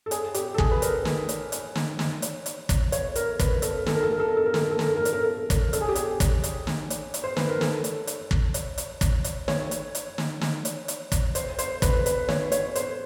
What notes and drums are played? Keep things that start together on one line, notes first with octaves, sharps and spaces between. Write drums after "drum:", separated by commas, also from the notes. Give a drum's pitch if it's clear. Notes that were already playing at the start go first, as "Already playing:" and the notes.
A4
G#4, drum: hi-hat
G4, drum: hi-hat
A4
G#4, drum: kick
B4
A#4, drum: hi-hat
drum: snare
drum: hi-hat
drum: hi-hat
drum: snare
drum: snare
drum: hi-hat
drum: hi-hat
drum: kick, hi-hat
C#5, drum: hi-hat
A#4, drum: hi-hat
B4, drum: kick, hi-hat
A4, drum: hi-hat
A4, drum: snare
A#4
A4
A#4
A4
A#4
A4
A#4
A4, drum: snare
A#4
A4
A#4, drum: snare
A4
A#4
A4, drum: hi-hat
A#4
A4
drum: kick, hi-hat
A4, drum: hi-hat
G#4
G4
G#4, drum: hi-hat
drum: kick, hi-hat
drum: hi-hat
drum: snare
drum: hi-hat
drum: hi-hat
C5
B4, drum: snare
A#4
A4, drum: snare
drum: hi-hat
drum: hi-hat
drum: kick
drum: hi-hat
drum: hi-hat
drum: kick, hi-hat
drum: hi-hat
C#5, drum: snare
drum: hi-hat
drum: hi-hat
drum: snare
drum: snare
drum: hi-hat
drum: hi-hat
drum: kick, hi-hat
C5, drum: hi-hat
C5, drum: hi-hat
B4, drum: kick, hi-hat
B4, drum: hi-hat
C#5, drum: snare
C#5, drum: hi-hat
C5, drum: hi-hat